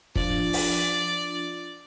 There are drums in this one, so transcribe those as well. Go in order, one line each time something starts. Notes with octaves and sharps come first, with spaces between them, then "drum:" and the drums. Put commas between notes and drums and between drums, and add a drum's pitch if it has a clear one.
F3 D4 F4 D5, drum: kick
drum: open hi-hat